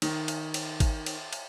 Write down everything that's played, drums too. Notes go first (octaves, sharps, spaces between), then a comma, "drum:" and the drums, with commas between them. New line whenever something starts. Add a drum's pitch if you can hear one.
D#3, drum: cymbal
drum: cymbal
drum: cymbal
drum: kick G#1, cymbal
drum: cymbal
drum: cymbal